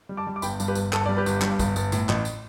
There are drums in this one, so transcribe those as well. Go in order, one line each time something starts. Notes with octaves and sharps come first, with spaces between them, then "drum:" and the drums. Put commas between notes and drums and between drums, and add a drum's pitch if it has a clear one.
G3
A5 D6
G3
D6
G1 G5 B5, drum: tambourine
G2, drum: tambourine
G4 B4
G1, drum: tambourine
G1 A4, drum: clap
G3 D5
G4 B4
G1, drum: tambourine
G2, drum: clap
G1, drum: kick, tambourine
G1, drum: tambourine
A2, drum: tambourine
A1, drum: clap
drum: tambourine